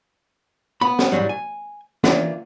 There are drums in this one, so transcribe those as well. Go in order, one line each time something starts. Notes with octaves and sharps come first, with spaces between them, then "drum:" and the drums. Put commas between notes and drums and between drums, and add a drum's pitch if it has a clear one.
B3 B5
drum: snare
G#2 C3 E3 F#3 G3
G#5
E3 A#3 D4 F4, drum: snare